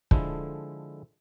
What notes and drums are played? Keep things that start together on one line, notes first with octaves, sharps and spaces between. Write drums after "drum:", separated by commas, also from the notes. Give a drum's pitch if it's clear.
D3 F3 G#3 E4 A4, drum: kick